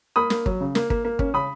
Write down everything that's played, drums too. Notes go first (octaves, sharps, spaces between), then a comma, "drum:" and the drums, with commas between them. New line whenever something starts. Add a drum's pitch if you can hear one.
A#3 B5 D#6
A#3, drum: snare
F#3, drum: kick
C#3
A#3, drum: snare
A#3, drum: kick
A#3
C#4, drum: kick
C#3 B5 D#6